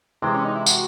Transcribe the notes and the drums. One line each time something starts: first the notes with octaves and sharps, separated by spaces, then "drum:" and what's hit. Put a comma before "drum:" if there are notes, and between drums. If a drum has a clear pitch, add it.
C3 E3 G#3 C4
C#4
D#4
E4
F#4, drum: tambourine